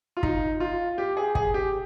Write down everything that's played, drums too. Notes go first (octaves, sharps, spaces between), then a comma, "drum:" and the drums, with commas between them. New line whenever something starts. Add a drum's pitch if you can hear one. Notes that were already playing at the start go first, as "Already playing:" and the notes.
F4
D#4, drum: kick
F4
G4
G#4
G#4, drum: kick
G4